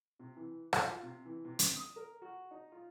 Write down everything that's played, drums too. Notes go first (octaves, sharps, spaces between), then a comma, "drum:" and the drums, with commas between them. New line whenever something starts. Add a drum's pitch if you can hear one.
C3
E3
F#4, drum: rim click
F4
C3
E3
C3
drum: hi-hat
D#6
A#4
F#4
D#4
F4